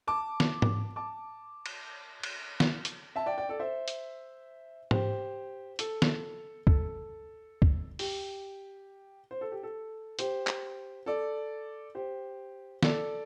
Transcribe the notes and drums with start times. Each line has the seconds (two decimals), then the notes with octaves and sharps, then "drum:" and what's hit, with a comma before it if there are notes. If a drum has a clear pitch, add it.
0.07 A5 D6
0.40 drum: snare
0.62 drum: tom G#2
0.96 A5 D6
1.66 drum: cymbal
2.23 drum: cymbal
2.60 drum: snare
2.85 drum: hi-hat
3.16 E5 A5
3.26 D5 G5
3.38 D5 G5
3.49 A4 D5
3.59 C5 E5
3.88 drum: hi-hat
4.91 G4 C5, drum: tom G#2
5.79 A4, drum: hi-hat
6.02 drum: snare
6.67 A4, drum: kick
7.62 drum: kick
7.99 G4, drum: open hi-hat
9.31 C5
9.41 A4
9.52 G4
9.63 A4
10.19 G4 C5, drum: hi-hat
10.47 drum: clap
11.06 A4 D5
11.95 G4 C5
12.83 A4 D5, drum: snare